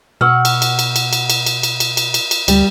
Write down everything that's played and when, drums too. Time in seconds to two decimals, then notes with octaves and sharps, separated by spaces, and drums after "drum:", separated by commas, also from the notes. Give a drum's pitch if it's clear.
0.21 B2 F#5 C#6 E6 F6
0.45 drum: cymbal
0.62 drum: cymbal
0.79 drum: cymbal
0.96 drum: cymbal
1.13 drum: cymbal
1.30 drum: cymbal
1.46 drum: cymbal
1.63 drum: cymbal
1.80 drum: cymbal
1.97 drum: cymbal
2.14 drum: cymbal
2.31 drum: cymbal
2.48 D2 G3, drum: cymbal